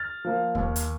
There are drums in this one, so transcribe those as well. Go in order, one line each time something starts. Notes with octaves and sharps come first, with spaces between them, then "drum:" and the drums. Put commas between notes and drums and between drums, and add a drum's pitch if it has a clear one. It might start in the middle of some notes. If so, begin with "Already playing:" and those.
Already playing: F6 A6
F3 A#3
D#2, drum: kick
drum: hi-hat